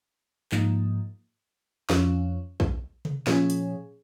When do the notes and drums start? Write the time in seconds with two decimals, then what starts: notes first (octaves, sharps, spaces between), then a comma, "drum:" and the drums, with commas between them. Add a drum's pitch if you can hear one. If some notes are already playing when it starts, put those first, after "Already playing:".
0.52 G#2 F3 A#3 D#4, drum: clap
1.90 F2 F3 C#4, drum: snare
2.60 drum: kick A#1
3.05 drum: tom C3
3.27 A#2 F3 C#4 G#4, drum: snare
3.50 drum: hi-hat